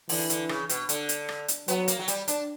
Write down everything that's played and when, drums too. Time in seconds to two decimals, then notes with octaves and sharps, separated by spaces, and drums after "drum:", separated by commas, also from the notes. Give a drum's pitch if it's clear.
0.09 D3 E3, drum: open hi-hat
0.30 D3, drum: hi-hat
0.49 C#3, drum: rim click
0.69 B2, drum: hi-hat
0.89 D3, drum: hi-hat
1.09 drum: hi-hat
1.29 drum: rim click
1.48 drum: hi-hat
1.68 F#3 B3, drum: hi-hat
1.88 A#3, drum: hi-hat
1.99 F#3
2.08 G3, drum: hi-hat
2.28 D4, drum: hi-hat